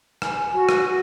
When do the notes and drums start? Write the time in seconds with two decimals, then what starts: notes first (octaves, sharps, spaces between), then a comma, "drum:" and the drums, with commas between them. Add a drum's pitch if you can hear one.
0.22 G#5, drum: rim click
0.53 F#4
0.69 drum: rim click
0.84 F#4